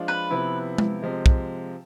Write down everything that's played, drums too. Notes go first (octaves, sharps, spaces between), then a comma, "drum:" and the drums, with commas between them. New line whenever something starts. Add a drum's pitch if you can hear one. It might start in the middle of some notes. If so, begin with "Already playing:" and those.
Already playing: F3 G#3 D4 F4
B4
C3 F3 B3 E4
drum: tom G#3
C3 F3 G#3
drum: kick